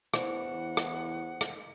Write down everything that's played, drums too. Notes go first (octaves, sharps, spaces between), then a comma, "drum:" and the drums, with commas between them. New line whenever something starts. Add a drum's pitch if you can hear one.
E2 E3 D4 E4 C5 F#5, drum: rim click
drum: rim click
drum: rim click